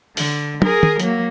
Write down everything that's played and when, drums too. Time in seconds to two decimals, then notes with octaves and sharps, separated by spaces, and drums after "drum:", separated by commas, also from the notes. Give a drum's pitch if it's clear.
0.17 D3, drum: open hi-hat
0.62 G#4 A#4, drum: tom
0.83 drum: tom
1.00 F#3 A#3, drum: hi-hat